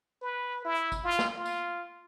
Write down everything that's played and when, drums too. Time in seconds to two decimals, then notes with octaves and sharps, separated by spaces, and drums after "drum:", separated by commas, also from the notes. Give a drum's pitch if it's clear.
0.22 B4
0.65 E4
0.92 drum: kick, tambourine
1.05 F4
1.19 drum: snare
1.36 F4
1.45 drum: tambourine